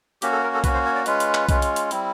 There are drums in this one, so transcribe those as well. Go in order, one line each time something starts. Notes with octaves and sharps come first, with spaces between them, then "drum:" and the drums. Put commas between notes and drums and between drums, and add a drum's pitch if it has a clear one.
A#3 C#4 F#4 G4, drum: hi-hat
A4
A#4
A4
A#3 C#4 F#4 B4, drum: kick B1, hi-hat
C5
C#5
D5
G#3 C#4 F4 B4, drum: hi-hat
drum: hi-hat
drum: clap
G#3 C#4 F4, drum: kick B1, hi-hat
drum: hi-hat
drum: hi-hat
G3 C4 E4, drum: hi-hat